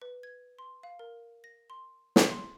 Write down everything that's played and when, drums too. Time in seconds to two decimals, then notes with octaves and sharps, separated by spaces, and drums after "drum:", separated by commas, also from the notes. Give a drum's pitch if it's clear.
0.02 B4
0.23 G#6
0.59 C6
0.83 F5
0.99 A#4
1.44 A#6
1.70 C6
2.16 drum: snare
2.31 C6